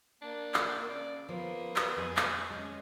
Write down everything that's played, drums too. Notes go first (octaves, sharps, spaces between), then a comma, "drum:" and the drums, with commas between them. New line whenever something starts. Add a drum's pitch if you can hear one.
A#3 D4
drum: clap
C#3 D5
F3 A#3 B3
drum: clap
F2 G#4
drum: clap
G#3 C#4